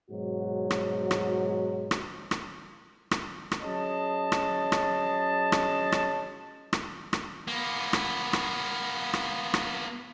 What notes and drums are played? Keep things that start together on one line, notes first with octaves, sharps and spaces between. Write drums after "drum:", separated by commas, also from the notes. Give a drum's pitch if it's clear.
G#2 B2 F#3 F#4
drum: rim click
drum: rim click
drum: rim click
drum: rim click
drum: rim click
drum: rim click
F#3 C#4 G#4 D#5 A5
drum: rim click
drum: rim click
drum: rim click
drum: rim click
drum: rim click
drum: rim click
A#3 B3
drum: rim click
drum: rim click
drum: rim click
drum: rim click